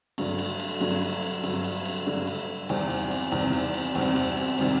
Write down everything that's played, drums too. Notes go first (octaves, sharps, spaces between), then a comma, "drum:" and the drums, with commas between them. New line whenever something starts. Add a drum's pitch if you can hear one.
G2 D3 F#3 A3, drum: cymbal
drum: cymbal
drum: cymbal
G2 D3 F#3 A3, drum: cymbal
drum: cymbal
drum: cymbal
G2 D3 F#3 A3, drum: cymbal
drum: cymbal
drum: cymbal
G2 D3 F#3 A3
drum: cymbal
E2 C3 D#3 G3 C4, drum: cymbal
drum: cymbal
drum: cymbal
E2 C3 D#3 G3 C4, drum: cymbal
drum: cymbal
drum: cymbal
E2 C3 D#3 G3 C4, drum: cymbal
drum: cymbal
drum: cymbal
C3 D#3 G3 C4, drum: cymbal